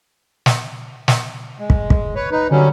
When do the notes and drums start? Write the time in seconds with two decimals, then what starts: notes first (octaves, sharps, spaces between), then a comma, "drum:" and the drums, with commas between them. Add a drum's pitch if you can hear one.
0.46 drum: snare
1.08 drum: snare
1.59 G#3
1.70 drum: kick
1.90 drum: kick
2.15 B4 C#5
2.32 D#4 B4
2.51 D3 F#3 G3 C#4